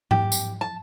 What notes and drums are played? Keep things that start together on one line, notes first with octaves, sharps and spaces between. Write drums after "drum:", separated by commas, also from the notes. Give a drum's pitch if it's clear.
G4, drum: tom G#2
drum: tambourine
A5